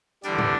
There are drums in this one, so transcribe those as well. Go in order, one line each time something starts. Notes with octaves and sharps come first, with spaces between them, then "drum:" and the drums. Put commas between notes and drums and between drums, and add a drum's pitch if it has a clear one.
E2 D3 G3 D4 D5, drum: hi-hat
drum: tom